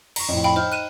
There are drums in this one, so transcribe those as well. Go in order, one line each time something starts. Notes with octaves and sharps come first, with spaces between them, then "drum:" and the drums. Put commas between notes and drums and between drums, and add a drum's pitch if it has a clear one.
A#5 C#6, drum: cymbal
F2 A2
F5 G5 B5
D#4 C5 F6
F#6 D#7 E7